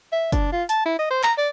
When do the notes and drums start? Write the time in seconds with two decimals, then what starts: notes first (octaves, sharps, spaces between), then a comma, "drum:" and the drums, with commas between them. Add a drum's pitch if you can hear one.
0.12 E5
0.32 D4, drum: kick F#1, hi-hat
0.52 F4
0.69 A5, drum: hi-hat
0.86 E4
0.99 D#5
1.11 C5
1.23 A#5, drum: clap
1.38 D5